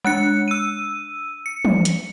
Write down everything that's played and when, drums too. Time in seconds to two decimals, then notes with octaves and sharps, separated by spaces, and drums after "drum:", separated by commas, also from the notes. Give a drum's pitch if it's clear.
0.05 G#3 D4 F#5 F#6 C#7
0.48 E6 D#7
1.46 C#7
1.65 drum: tom
1.85 drum: hi-hat